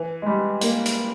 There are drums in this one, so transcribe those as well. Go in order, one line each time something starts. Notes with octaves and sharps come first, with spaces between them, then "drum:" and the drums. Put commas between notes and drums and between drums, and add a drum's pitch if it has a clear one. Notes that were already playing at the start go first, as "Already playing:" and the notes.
Already playing: E3
G#3
G3
A#3, drum: hi-hat
drum: hi-hat